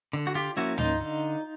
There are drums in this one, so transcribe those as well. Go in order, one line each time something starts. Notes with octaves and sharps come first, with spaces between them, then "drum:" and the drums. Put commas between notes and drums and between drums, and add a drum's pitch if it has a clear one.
D3
F#4
F4 G4
F3 A#3 C#4 E4 F#4
D#4 F4, drum: tom
D3